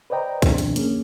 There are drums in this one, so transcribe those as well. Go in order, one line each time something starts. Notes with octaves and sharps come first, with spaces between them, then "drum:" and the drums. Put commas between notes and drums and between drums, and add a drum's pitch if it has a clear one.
B4 C5 D5 D#5 G5 A#5
C2 B2 D#3 F3 C4 D4, drum: kick, hi-hat
drum: hi-hat
A#3 C#4 G#4, drum: hi-hat